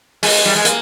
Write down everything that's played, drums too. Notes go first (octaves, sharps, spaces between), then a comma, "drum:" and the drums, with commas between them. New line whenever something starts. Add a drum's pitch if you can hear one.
G#3, drum: open hi-hat
G3
G#3
A#3, drum: hi-hat